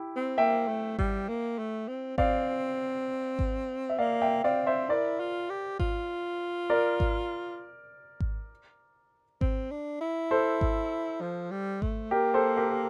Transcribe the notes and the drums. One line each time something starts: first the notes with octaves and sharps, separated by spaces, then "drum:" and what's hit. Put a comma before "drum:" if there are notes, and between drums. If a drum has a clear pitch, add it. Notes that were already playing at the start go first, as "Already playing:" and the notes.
Already playing: E4 G4
C4
A#3 E5 G5
A3
G3, drum: kick G#1
A#3
A3
C4
C4 D5 F5, drum: kick G#1
drum: kick G#1
E5
A#3 D5 F5
E5 G5
C4 D5 F5
C5 E5
E4 A#4 D5
F4
G4
F4, drum: kick G#1
A#4 D5
drum: kick G#1
drum: kick G#1
C4, drum: kick G#1
D4
E4
A4 C5
drum: kick G#1
F3
G3
A3, drum: kick G#1
A#3 G4 A#4
A4 C5
G4 A#4
G4